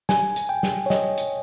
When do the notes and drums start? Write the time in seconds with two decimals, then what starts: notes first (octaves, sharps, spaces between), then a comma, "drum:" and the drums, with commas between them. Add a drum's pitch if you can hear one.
0.09 G#5, drum: snare
0.36 drum: hi-hat
0.49 G5
0.63 drum: snare
0.86 C#5
0.90 D#5, drum: snare
1.17 drum: hi-hat